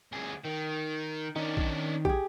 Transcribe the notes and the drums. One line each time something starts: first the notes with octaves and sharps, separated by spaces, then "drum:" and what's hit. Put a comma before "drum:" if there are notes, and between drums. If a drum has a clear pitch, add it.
D2 G#4
D#3
D#3 C#4 D4
drum: kick A#1
G4 G#4, drum: kick A#1